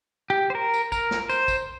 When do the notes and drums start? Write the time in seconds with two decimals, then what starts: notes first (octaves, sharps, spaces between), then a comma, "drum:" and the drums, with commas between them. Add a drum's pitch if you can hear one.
0.30 G4
0.50 C5
0.55 A#4
0.74 drum: tambourine
0.92 A#4, drum: kick, tambourine
1.11 drum: snare
1.29 C5, drum: tambourine
1.48 drum: kick, tambourine